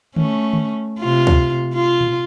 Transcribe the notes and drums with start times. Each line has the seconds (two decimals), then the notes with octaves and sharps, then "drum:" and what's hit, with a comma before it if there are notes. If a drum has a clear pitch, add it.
0.16 A3 C#4, drum: tom D3
0.53 drum: tom D3
1.00 C3 F4
1.27 drum: kick
1.75 F4
2.01 drum: tom A#2